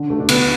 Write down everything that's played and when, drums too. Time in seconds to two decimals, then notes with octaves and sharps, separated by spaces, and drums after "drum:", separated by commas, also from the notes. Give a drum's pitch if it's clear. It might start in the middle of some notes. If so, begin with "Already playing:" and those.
Already playing: D3
0.10 D2 A3
0.20 D4
0.28 D2 B3, drum: cymbal